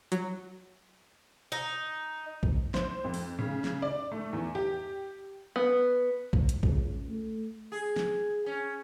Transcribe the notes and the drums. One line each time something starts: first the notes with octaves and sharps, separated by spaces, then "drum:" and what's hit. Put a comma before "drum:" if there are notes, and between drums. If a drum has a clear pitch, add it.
F#3, drum: hi-hat
D#4
drum: kick
C5, drum: snare
F2
drum: open hi-hat
C#3
drum: snare
D5
A3
E2
G4
B3
drum: kick
drum: hi-hat
C#2, drum: kick
A3
G#4
drum: snare
C#4